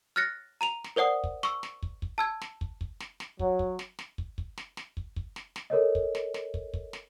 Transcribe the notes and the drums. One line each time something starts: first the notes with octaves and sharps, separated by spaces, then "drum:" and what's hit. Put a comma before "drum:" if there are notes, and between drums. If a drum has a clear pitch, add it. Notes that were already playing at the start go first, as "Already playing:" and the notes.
F6 F#6 A6 A#6 C#7
A#5 D#7 F7
drum: snare
A#4 C5 D5 F#5 D#6
drum: kick
C#6 E6, drum: snare
drum: snare
drum: kick
drum: kick
A5 E6 G#6
drum: snare
drum: kick
drum: kick
drum: snare
drum: snare
F#3, drum: kick
drum: kick
drum: snare
drum: snare
drum: kick
drum: kick
drum: snare
drum: snare
drum: kick
drum: kick
drum: snare
drum: snare
A4 A#4 C#5 D#5
drum: kick
drum: snare
drum: snare
drum: kick
drum: kick
drum: snare